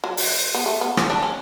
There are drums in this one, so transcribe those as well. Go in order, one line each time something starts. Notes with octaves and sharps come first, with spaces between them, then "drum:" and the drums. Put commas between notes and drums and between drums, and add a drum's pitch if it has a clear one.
F#3
drum: open hi-hat
B3
A3
B3
C#4, drum: rim click
D4
C#4